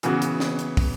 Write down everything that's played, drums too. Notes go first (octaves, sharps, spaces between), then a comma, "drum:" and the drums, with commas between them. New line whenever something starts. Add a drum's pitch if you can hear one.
C#3 E3 B3 F#4, drum: hi-hat
drum: hi-hat
drum: snare
drum: hi-hat
drum: kick, open hi-hat